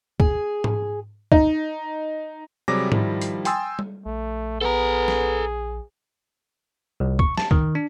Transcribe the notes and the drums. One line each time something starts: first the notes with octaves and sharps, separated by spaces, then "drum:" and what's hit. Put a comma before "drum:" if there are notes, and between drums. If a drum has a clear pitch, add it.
G#4, drum: kick
drum: tom G#2
D#4, drum: kick
C3 F#3 G3 G#4 D6 A#6
D#3 F3 G3 E4, drum: tom G#2
drum: hi-hat
G5 G#5 C6 D#6 E6 A6, drum: hi-hat
drum: tom G3
A#1 A3
B3 G#4 A4 A#5
drum: snare
C2
C#6, drum: kick
A5, drum: snare
D#3, drum: kick
D4